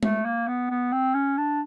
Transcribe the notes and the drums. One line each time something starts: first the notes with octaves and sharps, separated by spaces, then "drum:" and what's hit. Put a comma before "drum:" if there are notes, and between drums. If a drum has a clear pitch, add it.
A3, drum: tom G#3
A#3
B3
B3
C4
C#4
D4